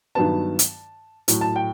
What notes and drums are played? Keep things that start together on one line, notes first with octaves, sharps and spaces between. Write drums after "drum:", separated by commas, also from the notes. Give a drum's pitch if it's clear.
G2 D#3 F#3 B3 A5
drum: hi-hat
A2 F#3 A3, drum: hi-hat
A5
G5